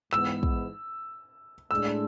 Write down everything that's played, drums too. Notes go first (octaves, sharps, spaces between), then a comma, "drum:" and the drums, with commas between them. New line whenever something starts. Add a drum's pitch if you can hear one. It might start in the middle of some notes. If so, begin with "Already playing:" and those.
G#2 E3 B3 E6, drum: clap
drum: kick
A2 G#3 D4 E6